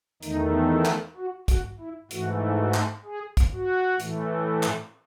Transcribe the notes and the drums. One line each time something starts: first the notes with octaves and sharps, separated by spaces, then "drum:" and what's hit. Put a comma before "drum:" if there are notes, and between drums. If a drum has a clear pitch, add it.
E2 D#3 A3 D#4, drum: hi-hat
E4
drum: clap
F#4
F#4, drum: kick, hi-hat
E4
G#2 E3 A3 F#4, drum: hi-hat
F#4
drum: clap
G#4
drum: kick, hi-hat
F#4
A2 E3 A3, drum: hi-hat
drum: clap